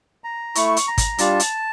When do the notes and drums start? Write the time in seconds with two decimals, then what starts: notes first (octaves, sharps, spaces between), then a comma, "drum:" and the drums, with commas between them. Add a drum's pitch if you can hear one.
0.24 A#5
0.55 A3 E4 C#6, drum: hi-hat
0.77 drum: hi-hat
0.88 A#5
0.98 drum: kick, hi-hat
1.18 G3 D4 F4 A5, drum: hi-hat
1.40 drum: hi-hat